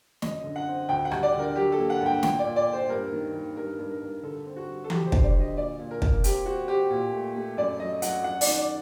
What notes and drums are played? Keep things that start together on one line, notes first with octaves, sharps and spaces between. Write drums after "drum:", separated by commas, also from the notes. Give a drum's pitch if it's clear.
F#2 D#5, drum: snare
D3
F#5
C4
D2 G5
F#5
G3, drum: rim click
D5
D3
A#4
F#3 G4
A4
A#3
F#5
G2
G5
A#2 G5, drum: snare
D5
A#2
D5
A#3
C5
G2 A#4
D#3
D#3
G2 A#4
G2
A#4
G2
D3 A4
C4
F#4
G3
A4
F#3 G4, drum: tom E3
C5
D3, drum: kick
D5
D2
D#5
A#2 D5
A#2
A#4
A#2, drum: kick
C4 G4, drum: hi-hat
C4 F#4
C4 G4
A#2
A3
A3
F#2 D5
F#3 D#5
F#3 F#5, drum: hi-hat
F#2 F#5
D5, drum: open hi-hat
D#3
D5